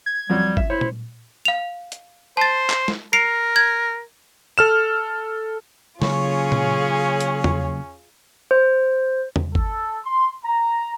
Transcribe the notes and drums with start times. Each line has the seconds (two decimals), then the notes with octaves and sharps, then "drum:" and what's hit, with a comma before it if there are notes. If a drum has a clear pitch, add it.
0.06 G#6
0.30 F2 F#3 G3
0.57 E5, drum: kick
0.70 E4 C5 C#5
0.81 drum: tom A#2
1.45 F5 F7
1.92 drum: hi-hat
2.37 C5 A5 A6
2.70 drum: clap
2.88 drum: snare
3.13 A#4 C7 D7 F7
3.56 G#6
4.58 A4 F6 E7
6.02 C#3 F#3 A#3 C#4 F4 G#4 C#5, drum: snare
6.52 drum: tom A#2
7.20 drum: hi-hat
7.44 drum: tom E2
8.51 C5
9.36 drum: tom E2
9.55 A4, drum: kick
10.05 C6
10.44 A#5